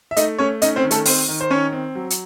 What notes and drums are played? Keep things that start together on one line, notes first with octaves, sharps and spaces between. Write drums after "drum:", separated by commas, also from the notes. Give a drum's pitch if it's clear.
E5
A3 D#4 D#5, drum: hi-hat
A3 C#4 C#5
C#4 D#4 D#5, drum: hi-hat
C4 C5
D#3
A3 A4, drum: hi-hat
C4 C5, drum: open hi-hat
D#3
C5
D#3 C#4 C#5
C4
F#3
drum: hi-hat